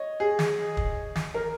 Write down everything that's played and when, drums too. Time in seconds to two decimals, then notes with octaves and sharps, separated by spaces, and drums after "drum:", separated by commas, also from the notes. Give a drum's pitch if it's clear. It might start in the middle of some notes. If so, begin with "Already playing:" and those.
Already playing: C#5 D#5
0.20 G#4
0.39 drum: snare
0.77 drum: kick
1.15 drum: snare
1.34 A#4